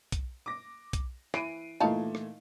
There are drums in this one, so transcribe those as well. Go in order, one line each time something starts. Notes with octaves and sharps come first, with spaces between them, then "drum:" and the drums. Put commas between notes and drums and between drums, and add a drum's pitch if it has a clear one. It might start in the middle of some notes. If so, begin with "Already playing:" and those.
drum: kick B1, hi-hat
D6 A#6
drum: kick B1, hi-hat
E3 C7 D7 D#7, drum: rim click
A#2 E3 A3 D#4 F5 A5
drum: rim click